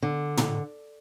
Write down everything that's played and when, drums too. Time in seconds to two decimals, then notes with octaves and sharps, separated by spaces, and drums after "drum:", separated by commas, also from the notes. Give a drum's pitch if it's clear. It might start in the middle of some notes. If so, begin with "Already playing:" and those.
0.02 D3
0.37 drum: tom